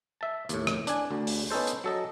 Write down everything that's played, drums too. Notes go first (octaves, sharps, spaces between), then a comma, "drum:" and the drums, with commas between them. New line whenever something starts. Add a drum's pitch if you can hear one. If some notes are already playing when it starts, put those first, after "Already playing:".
E5 A5
D#2 A2, drum: hi-hat
drum: rim click
D4 G#5, drum: hi-hat
D2 D3
drum: open hi-hat
B3 C#4 D#4 A4 C5
drum: hi-hat
F#3 A4 D#5